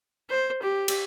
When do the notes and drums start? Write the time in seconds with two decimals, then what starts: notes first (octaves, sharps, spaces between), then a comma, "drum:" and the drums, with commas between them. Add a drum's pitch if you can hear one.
0.30 C5
0.62 G4
0.88 drum: cymbal